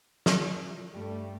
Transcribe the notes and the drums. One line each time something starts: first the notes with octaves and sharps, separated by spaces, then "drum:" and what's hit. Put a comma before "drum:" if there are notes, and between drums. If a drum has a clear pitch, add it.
drum: snare
G2 G3 A3